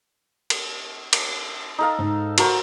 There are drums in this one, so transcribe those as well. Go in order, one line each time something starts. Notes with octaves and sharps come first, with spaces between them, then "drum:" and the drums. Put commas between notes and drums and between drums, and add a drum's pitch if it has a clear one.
drum: cymbal
drum: cymbal
D#4 A4 F5
G#2
F#4 A4 A#4 C5 C#6, drum: cymbal